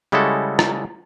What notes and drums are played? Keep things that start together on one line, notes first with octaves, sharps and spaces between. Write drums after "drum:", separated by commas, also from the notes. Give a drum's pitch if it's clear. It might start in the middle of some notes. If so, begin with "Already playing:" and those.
C#3 G3 G#3 E4 F#4 A4
drum: rim click